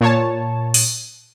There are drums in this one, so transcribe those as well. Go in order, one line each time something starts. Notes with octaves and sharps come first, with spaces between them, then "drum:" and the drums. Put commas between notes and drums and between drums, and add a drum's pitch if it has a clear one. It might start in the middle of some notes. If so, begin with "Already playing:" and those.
A#2 C#5 A5
drum: open hi-hat